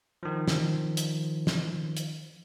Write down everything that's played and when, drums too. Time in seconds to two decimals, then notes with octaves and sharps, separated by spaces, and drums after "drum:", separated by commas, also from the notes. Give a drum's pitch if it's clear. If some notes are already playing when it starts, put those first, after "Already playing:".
0.23 D#3 F3
0.48 drum: snare
0.97 drum: hi-hat
1.47 drum: snare
1.97 drum: hi-hat